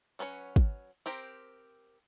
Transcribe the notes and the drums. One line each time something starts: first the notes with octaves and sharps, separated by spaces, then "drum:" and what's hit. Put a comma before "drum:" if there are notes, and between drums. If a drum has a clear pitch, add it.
F#3 C#4 B4 C#5
drum: kick
C4 G4 A#4 C5